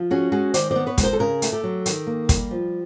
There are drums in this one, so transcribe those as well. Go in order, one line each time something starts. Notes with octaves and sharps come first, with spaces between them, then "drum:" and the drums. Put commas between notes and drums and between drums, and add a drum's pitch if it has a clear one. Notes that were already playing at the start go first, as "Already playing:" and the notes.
Already playing: F3
C#4 F#4 G#4
G#3 F#4 G#4
D#3 C5 D5, drum: hi-hat
C5 D5
B3
B4 C#5
G#3, drum: kick, hi-hat
A#4 C5
A4
C#3 G#4 A#4
A3, drum: hi-hat
G4 A4
F#3
D#3, drum: hi-hat
A#3
G3, drum: kick, hi-hat
F3